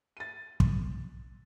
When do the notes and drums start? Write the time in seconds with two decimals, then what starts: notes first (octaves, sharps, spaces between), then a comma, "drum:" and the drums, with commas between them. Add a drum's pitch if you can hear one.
0.17 A6 D#7
0.60 drum: kick